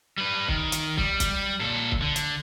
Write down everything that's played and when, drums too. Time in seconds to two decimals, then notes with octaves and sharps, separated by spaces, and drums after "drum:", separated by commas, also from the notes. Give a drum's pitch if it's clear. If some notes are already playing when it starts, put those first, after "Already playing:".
0.18 G3 B4
0.48 D#3, drum: kick
0.72 drum: hi-hat
0.97 G3, drum: kick
1.20 drum: kick, hi-hat
1.60 A#2 A4
1.92 drum: kick
2.02 D3
2.16 drum: hi-hat